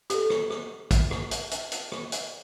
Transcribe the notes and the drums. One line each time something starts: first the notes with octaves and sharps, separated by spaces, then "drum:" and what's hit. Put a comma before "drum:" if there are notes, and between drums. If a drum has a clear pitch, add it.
G4 A4, drum: hi-hat
drum: rim click
drum: rim click
drum: kick, hi-hat
drum: rim click
drum: hi-hat
drum: hi-hat
drum: hi-hat
drum: rim click
drum: hi-hat